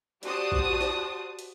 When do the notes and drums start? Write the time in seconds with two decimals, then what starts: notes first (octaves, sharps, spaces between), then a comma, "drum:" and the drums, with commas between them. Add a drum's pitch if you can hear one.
0.23 F#4 G4 C5 D5 A5 D#6, drum: hi-hat
0.52 drum: kick A#1
0.81 drum: snare
1.39 drum: hi-hat